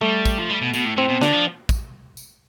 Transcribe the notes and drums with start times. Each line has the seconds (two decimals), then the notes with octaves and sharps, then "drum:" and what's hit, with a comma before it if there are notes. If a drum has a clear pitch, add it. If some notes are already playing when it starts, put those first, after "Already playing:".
0.01 G3 A3
0.26 drum: kick, tambourine
0.38 F3
0.50 G3
0.61 B2
0.73 B2, drum: tambourine
0.85 A2
0.97 A2 C4
1.09 B2
1.21 D3 D4, drum: snare
1.33 F3
1.69 drum: kick, tambourine
2.17 drum: tambourine